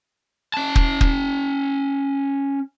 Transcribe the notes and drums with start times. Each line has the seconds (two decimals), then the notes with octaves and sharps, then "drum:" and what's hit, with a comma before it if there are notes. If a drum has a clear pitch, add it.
0.54 C#4 A5
0.76 drum: kick
1.01 drum: kick